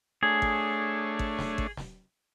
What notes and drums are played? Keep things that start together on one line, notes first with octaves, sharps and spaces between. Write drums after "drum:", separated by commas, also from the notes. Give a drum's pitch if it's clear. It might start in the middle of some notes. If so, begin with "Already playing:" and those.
A3 D4 G#4 C#5
drum: kick G#1
drum: kick G#1
drum: snare
drum: kick G#1
drum: snare